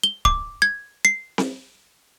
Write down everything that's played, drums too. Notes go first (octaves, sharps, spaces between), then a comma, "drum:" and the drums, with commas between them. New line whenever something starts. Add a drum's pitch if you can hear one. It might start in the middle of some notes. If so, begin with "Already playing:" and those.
G7
D6, drum: kick C#1
G#6
C7
drum: snare C4